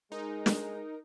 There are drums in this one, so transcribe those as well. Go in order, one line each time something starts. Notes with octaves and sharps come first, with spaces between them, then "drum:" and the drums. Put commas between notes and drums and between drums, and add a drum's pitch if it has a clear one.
G#3 D#4 A#4
drum: snare